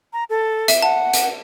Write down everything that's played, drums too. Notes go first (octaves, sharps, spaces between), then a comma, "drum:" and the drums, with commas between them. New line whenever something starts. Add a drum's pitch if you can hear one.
A#5
A4
E5, drum: hi-hat
F#5 A5
drum: hi-hat